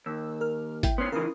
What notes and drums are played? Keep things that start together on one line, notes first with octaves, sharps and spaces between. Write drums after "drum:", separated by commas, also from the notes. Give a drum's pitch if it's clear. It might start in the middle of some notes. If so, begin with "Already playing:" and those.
D#2 E6
A#4 F6
E4 G5, drum: kick G#1, hi-hat
B3 C#4 C6 F6 C7
C#3 E3 A#4 D#6